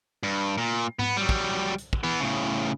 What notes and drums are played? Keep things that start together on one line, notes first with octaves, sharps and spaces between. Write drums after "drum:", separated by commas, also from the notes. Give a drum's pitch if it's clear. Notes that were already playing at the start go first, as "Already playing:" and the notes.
G2
A#2
B3, drum: tom G#2
F#3 G3
drum: kick
drum: hi-hat
drum: kick
E3 B3
A2 C#3